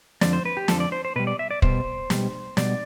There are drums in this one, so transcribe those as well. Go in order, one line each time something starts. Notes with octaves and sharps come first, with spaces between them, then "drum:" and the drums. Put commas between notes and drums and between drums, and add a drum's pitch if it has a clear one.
F2 D3 F3 D5, drum: snare
C5
B4
G4
F2 D3 F3 A4, drum: snare
D5
C5
C5
B2 G3 B4
D5
E5
D5
B2 G3 C5, drum: kick
B2 G3, drum: snare
B2 G3 D5, drum: snare